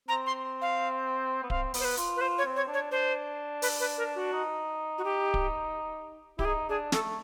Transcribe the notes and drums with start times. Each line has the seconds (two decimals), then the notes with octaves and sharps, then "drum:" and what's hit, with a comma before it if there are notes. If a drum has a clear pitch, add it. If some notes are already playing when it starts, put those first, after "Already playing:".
0.08 C4 A#5
0.26 C6
0.62 F5
1.43 B3
1.50 C4 F5, drum: kick D1
1.74 B3, drum: open hi-hat
1.80 C5
1.85 B4
1.97 F4, drum: hi-hat
2.16 B4
2.21 F4 C5
2.38 C#5
2.45 C4
2.56 C#5
2.68 D4
2.74 C#5
2.91 D4 C5
3.62 B4, drum: open hi-hat
3.80 B4
3.98 A#4
4.16 F#4
4.33 D#4
4.98 F#4
5.04 G4
5.34 drum: kick D1
6.39 E4 G4, drum: kick D1
6.45 D#4 G#4
6.69 D4 G#4
6.92 A3 A4, drum: snare